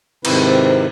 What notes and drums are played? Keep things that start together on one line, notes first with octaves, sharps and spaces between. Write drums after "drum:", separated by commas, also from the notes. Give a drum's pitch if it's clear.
G#2 C3 D#3 C4 E4 B4, drum: cymbal